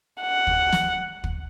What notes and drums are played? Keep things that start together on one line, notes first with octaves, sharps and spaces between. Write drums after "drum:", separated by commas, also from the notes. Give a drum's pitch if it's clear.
F#5
drum: kick
drum: snare
drum: kick